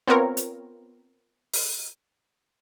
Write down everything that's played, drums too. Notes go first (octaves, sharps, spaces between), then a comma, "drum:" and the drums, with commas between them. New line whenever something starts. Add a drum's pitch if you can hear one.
B3 C4 F4 A#4 C#5
drum: hi-hat
drum: open hi-hat